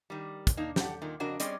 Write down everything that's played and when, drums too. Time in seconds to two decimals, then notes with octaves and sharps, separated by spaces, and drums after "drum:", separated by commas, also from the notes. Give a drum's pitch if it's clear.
0.10 D#3 G3
0.47 drum: kick, hi-hat
0.57 A#3 D4 D#4
0.76 G4 A4 F#5, drum: snare
1.02 A#2 D#3
1.20 F2 C#3 D4 F#4 A#4 D#5
1.40 G3 C4 C#4 G#4 D5 D#5, drum: hi-hat